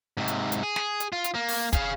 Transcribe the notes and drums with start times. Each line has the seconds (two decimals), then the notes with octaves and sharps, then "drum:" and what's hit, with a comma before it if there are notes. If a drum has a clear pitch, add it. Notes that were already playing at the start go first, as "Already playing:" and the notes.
0.17 G#2 C3
0.28 drum: hi-hat
0.52 drum: hi-hat
0.63 G#4
0.76 drum: snare
1.00 drum: hi-hat
1.13 F4
1.24 drum: hi-hat
1.35 A#3
1.49 drum: open hi-hat
1.73 G#4 F5, drum: kick, hi-hat